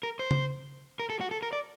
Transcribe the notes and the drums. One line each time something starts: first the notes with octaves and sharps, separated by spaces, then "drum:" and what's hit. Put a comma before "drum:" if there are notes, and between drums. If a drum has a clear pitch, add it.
A#4
C5
drum: tom C#3
A#4
A4
F#4
A4
A#4
D5